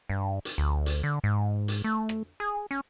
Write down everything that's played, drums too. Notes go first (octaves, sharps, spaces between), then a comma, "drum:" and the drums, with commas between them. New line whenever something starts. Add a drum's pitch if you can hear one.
G2
drum: hi-hat
D2
drum: hi-hat
D3
G#2
drum: hi-hat
A3
drum: rim click
G#4
C#4